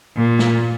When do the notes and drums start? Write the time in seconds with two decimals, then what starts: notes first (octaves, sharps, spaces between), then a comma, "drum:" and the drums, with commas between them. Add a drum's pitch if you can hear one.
0.16 A#2
0.39 drum: snare